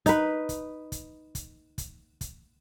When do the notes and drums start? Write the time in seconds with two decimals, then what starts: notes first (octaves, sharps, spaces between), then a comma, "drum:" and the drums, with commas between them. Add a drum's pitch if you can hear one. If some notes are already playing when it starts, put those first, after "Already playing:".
0.06 D#4 B4, drum: kick, hi-hat
0.49 drum: kick, hi-hat
0.92 drum: kick, hi-hat
1.35 drum: kick, hi-hat
1.78 drum: kick, hi-hat
2.21 drum: kick, hi-hat